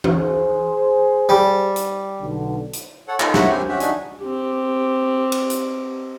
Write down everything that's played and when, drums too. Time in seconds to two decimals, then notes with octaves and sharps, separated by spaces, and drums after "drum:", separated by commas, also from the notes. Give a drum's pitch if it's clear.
0.04 drum: tom
0.15 G#4 C5
1.29 G3
1.76 drum: hi-hat
2.20 B1 D3
2.73 drum: hi-hat
3.08 A4 C#5 F#5
3.20 D#4 F4 A4 A#4, drum: clap
3.34 E4 A#4 C#5 E5 F#5, drum: snare
3.50 C4 G4 G#5
3.69 C#4 F#4 G4 E5
3.80 D4 D#4 F#4 E5 G#5, drum: hi-hat
4.22 C4 G4
5.32 drum: cymbal
5.50 drum: hi-hat